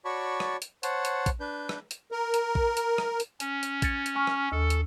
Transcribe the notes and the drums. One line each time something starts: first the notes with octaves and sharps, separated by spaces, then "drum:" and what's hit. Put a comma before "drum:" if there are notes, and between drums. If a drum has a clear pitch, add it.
F#4 C#5 D5 A5 B5 C#6
drum: rim click
drum: hi-hat
C5 C#5 F#5 A5, drum: hi-hat
drum: hi-hat
drum: kick A#1, hi-hat
D4 B4 G6
drum: rim click
drum: hi-hat
A#4
drum: hi-hat
drum: kick A#1
drum: hi-hat
drum: rim click
drum: hi-hat
C#4, drum: hi-hat
drum: hi-hat
G#6 A6 C#7, drum: kick A#1, hi-hat
drum: hi-hat
G#5 C#6 F6
drum: rim click
D#2 A4
drum: hi-hat